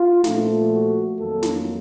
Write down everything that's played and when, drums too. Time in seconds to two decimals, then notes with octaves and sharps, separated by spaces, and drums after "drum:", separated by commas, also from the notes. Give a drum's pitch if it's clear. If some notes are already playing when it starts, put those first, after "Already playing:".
Already playing: F4
0.24 A#2 F3 A3, drum: snare
0.72 F#4
1.18 F2 D#3 F#3 A#3 A4
1.43 drum: snare